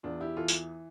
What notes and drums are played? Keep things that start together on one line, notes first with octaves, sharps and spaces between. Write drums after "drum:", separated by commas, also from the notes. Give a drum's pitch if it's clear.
E2 D4 F4
E4 G4
E3 F4 A4
drum: tambourine